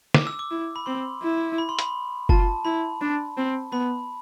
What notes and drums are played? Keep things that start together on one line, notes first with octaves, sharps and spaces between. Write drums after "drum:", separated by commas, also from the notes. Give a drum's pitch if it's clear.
D6, drum: snare
E6
D6
E4
B5
C4 C6
E4
B5
C6
B5, drum: hi-hat
F4 A5, drum: kick F#1
E4 B5
D4
C4
B3 B5